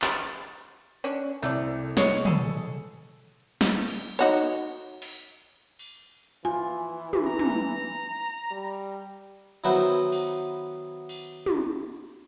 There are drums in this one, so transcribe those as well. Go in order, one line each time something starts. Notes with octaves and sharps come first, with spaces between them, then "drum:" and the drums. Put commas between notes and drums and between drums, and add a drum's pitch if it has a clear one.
A6, drum: clap
C#4 D4
C2 C3 A3 A4 D5
G#3 G#4 C#5 C#7, drum: snare
G#4 A4, drum: tom
drum: snare
drum: cymbal
D#4 F#4 C#5
drum: open hi-hat
drum: cymbal
E3 F4 G#5
drum: tom
A#5
drum: tom
G3
D#3 F#3 B3 E4 B4 C5
drum: cymbal
drum: cymbal
drum: tom